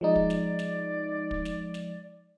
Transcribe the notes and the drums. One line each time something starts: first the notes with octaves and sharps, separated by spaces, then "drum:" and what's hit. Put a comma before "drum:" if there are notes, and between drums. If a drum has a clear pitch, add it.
F3 G#3 D#4 D5
drum: kick
drum: snare
drum: snare
drum: kick
drum: snare
drum: snare